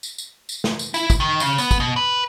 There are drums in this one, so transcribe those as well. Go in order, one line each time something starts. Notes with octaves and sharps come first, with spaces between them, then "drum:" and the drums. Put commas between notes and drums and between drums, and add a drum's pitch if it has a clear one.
drum: tambourine
drum: tambourine
drum: tambourine
drum: snare
drum: tambourine
E4, drum: tambourine
drum: kick, tambourine
D#3
C#3, drum: tambourine
B3, drum: tambourine
drum: kick, tambourine
B2
B4